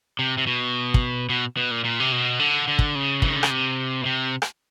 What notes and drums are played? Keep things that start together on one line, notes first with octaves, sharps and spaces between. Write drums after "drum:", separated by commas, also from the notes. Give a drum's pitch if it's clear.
C3
C3
B2
drum: kick
B2
B2
A#2
A#2
C3
B2
D3
D3
drum: kick
C#3
E3, drum: kick
D#3
D3
C#3, drum: rim click
C3
B2
C3
drum: rim click